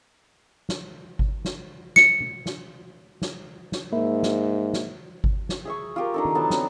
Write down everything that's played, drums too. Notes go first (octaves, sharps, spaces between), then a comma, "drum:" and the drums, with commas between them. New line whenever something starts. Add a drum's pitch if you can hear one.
drum: snare
drum: kick G1
drum: snare
C#7, drum: snare
drum: tom B2
drum: snare
drum: snare
drum: snare
G#2 A#3 A#4 E5
drum: snare
drum: snare
drum: kick G1
drum: snare
G#4 E5 C#6
F4 G4 A#4
D4 D#4 A4
drum: tom D#3
F#3 B3 A4 A5
C4, drum: snare